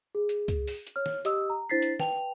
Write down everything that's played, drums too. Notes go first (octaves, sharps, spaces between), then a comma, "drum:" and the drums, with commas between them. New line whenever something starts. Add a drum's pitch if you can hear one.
G#4
drum: hi-hat
drum: kick C#2, hi-hat
drum: open hi-hat
drum: hi-hat
C#5 F6
drum: snare
G4 D#5 D#6 E6, drum: hi-hat
A#5
D4 E4 C5 A6 B6 C7
drum: hi-hat
B4 G5 A5 F7, drum: snare